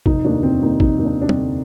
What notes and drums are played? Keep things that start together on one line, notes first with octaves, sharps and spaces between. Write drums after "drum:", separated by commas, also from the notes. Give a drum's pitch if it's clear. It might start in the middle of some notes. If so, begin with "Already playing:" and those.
F1 D#4, drum: kick
D#2 D4
F1 C4
D#2 D#4
F1 D#4, drum: kick
D#2
D4
F1 D4
C4, drum: tom
D3